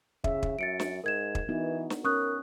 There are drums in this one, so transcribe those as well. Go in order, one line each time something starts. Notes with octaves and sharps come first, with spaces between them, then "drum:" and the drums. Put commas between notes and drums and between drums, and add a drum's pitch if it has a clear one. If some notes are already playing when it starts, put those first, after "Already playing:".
C#3 E5, drum: kick
drum: kick
F#2 A6 C#7 D7
drum: snare
G#2 A#4 G#6 E7
drum: kick
E3 B3 D#4 F#4
drum: snare
C#4 A#4 C#6 D#6 F#6